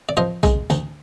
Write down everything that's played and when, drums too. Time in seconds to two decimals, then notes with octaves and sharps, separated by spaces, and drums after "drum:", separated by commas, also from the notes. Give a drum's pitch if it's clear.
0.09 D5
0.17 F3 C5 D#5
0.43 G#3, drum: kick, tambourine
0.70 D2, drum: tambourine